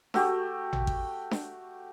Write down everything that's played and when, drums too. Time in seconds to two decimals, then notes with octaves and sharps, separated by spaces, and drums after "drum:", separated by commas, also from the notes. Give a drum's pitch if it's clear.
0.14 A3 F#4 G4, drum: snare D4
0.73 drum: tom A1
0.87 drum: kick G#1
1.31 drum: snare D4